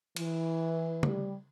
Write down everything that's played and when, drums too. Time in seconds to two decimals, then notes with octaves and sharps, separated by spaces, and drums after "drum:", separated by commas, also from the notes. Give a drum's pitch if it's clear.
0.16 E3, drum: cymbal
1.03 G3, drum: tom